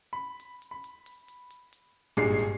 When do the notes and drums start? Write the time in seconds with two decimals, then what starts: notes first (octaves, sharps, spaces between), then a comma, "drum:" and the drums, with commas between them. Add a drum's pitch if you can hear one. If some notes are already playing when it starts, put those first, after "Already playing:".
0.13 B5
0.40 drum: hi-hat
0.62 drum: hi-hat
0.71 B5
0.84 drum: hi-hat
1.06 drum: open hi-hat
1.28 drum: hi-hat
1.50 drum: hi-hat
1.73 drum: hi-hat
2.17 G#1 G2 A#2 G#3 G#4 C7, drum: open hi-hat
2.39 drum: open hi-hat